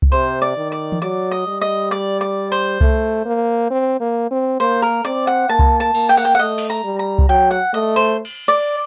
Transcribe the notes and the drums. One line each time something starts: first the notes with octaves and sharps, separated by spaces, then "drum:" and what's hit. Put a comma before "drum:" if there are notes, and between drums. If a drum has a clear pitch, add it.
drum: kick C2
C3 C5
D5
D#3
D5
drum: tom E3
F#3 D5
D#5
G3
D#5
D5
D5
C5
A3, drum: kick C2
A#3
C4
A#3
C4
A#3 C5
A#4
C4 D5
F#5
A#3 A5
drum: kick C2
A5
A#3, drum: cymbal
G5
F#5, drum: cymbal
G5
F#5
A3 D#5
drum: open hi-hat
A#5
G3
A#5
drum: kick C2
F#3 G5
F#5
A3 D#5
C5
drum: cymbal
D5